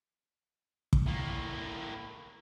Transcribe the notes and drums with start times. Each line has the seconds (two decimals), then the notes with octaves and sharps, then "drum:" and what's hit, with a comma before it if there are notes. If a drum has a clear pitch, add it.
0.93 drum: kick
1.07 A2 A#3